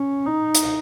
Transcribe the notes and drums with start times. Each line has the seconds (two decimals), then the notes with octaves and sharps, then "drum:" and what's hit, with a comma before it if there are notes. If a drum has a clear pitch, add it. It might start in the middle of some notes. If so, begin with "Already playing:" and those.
Already playing: C#4
0.26 D#4
0.55 drum: hi-hat